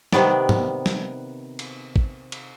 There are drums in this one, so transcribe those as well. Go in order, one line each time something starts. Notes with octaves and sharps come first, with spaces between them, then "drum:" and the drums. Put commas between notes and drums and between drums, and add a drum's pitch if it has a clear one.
C3 D#3 B3 D5, drum: snare
drum: tom
drum: snare
drum: cymbal
drum: kick
drum: cymbal